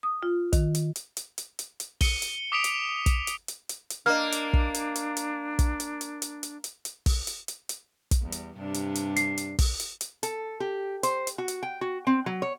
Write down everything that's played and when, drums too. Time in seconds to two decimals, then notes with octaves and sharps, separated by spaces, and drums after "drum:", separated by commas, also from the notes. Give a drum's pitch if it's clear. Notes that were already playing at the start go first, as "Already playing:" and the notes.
0.03 D#6
0.23 F4
0.53 D#3, drum: kick, hi-hat
0.75 drum: hi-hat
0.96 drum: hi-hat
1.17 drum: hi-hat
1.38 drum: hi-hat
1.59 drum: hi-hat
1.80 drum: hi-hat
2.01 C#7 D#7 G7, drum: kick, open hi-hat
2.22 drum: hi-hat
2.52 D6 D#6 B6 C#7 D7 F7
2.64 drum: hi-hat
3.06 drum: kick, hi-hat
3.27 drum: hi-hat
3.48 drum: hi-hat
3.69 drum: hi-hat
3.90 drum: hi-hat
4.06 A#3 D4 D#5 F6
4.32 drum: hi-hat
4.53 drum: kick
4.74 drum: hi-hat
4.96 drum: hi-hat
5.17 drum: hi-hat
5.59 drum: kick, hi-hat
5.80 drum: hi-hat
6.01 drum: hi-hat
6.22 drum: hi-hat
6.43 drum: hi-hat
6.64 drum: hi-hat
6.85 drum: hi-hat
7.06 drum: kick, open hi-hat
7.27 drum: hi-hat
7.48 drum: hi-hat
7.69 drum: hi-hat
8.11 drum: kick, hi-hat
8.22 E2 G3
8.32 drum: hi-hat
8.57 G2 C3 D4
8.74 drum: hi-hat
8.95 drum: hi-hat
9.16 C7, drum: hi-hat
9.38 drum: hi-hat
9.59 drum: kick, open hi-hat
9.80 drum: hi-hat
10.01 drum: hi-hat
10.23 A4, drum: hi-hat
10.60 G4
11.03 C5, drum: hi-hat
11.27 drum: hi-hat
11.38 F#4
11.48 drum: hi-hat
11.63 G5
11.81 F#4
12.07 C4
12.26 F#3
12.42 C#5